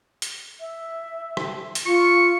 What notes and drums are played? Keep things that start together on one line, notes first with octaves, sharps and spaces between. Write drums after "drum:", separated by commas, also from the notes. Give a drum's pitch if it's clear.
drum: hi-hat
E5
drum: rim click
drum: hi-hat
F4 C#6